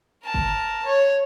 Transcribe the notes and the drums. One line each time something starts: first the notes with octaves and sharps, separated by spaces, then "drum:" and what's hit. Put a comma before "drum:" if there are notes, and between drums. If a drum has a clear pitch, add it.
A#4 A5
drum: kick G1
C#5